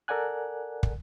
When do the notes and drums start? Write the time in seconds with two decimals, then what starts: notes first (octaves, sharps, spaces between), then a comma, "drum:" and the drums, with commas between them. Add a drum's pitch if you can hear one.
0.08 A4 A#4 D5 F#5 G#5 F#6
0.83 drum: kick